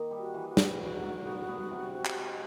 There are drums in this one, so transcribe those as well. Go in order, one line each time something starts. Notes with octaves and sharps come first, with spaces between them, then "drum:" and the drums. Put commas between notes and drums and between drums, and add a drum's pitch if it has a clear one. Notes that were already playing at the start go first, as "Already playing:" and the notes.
Already playing: D#3 A#3 D#4
G3
F#4
E3
F#4
G#2, drum: snare
F#3 F#4
F#3
B3
B3
C3
C3
drum: clap
G#3